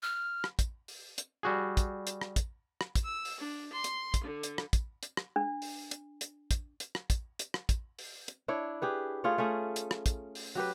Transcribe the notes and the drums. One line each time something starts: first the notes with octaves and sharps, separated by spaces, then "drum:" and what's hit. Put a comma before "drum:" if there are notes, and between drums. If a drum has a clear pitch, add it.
F6
drum: rim click
drum: kick, hi-hat
drum: open hi-hat
drum: hi-hat
G3 F#4 G#4
drum: kick, hi-hat
drum: hi-hat
drum: rim click
drum: kick, hi-hat
drum: rim click
drum: kick, hi-hat
E6
drum: open hi-hat
D4
C6
drum: hi-hat
drum: kick, hi-hat
D3
drum: hi-hat
drum: rim click
drum: kick, hi-hat
drum: hi-hat
drum: rim click
D4
drum: open hi-hat
drum: hi-hat
drum: hi-hat
drum: kick, hi-hat
drum: hi-hat
drum: rim click
drum: kick, hi-hat
drum: hi-hat
drum: rim click
drum: kick, hi-hat
drum: open hi-hat
drum: hi-hat
D4 E4 C#5
G4 G#4 B4
A3 F4 G#4 C#5
A3 C#4 G#4
drum: hi-hat
drum: rim click
drum: kick, hi-hat
drum: open hi-hat
F#3 G4 B4